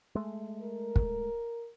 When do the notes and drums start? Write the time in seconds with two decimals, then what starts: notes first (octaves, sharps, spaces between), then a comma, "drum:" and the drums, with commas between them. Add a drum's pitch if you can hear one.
0.15 G#3 A3
0.62 A#4
0.96 drum: kick